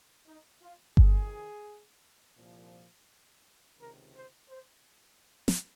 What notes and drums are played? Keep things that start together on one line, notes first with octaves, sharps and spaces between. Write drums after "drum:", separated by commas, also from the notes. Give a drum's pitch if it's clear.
D#4
F4
F2 C3 D#3 G#4, drum: kick G1
C2 A#2 F3
C#2 C3 D#3 A#4
C5
C5
drum: snare